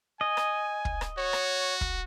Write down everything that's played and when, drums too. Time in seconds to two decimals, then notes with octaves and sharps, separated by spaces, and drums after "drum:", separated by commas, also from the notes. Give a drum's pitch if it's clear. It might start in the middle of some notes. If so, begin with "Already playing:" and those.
0.21 D#5 G#5
0.37 drum: rim click
0.85 drum: kick
1.01 drum: rim click
1.18 F#4 C#5
1.33 drum: rim click
1.81 drum: kick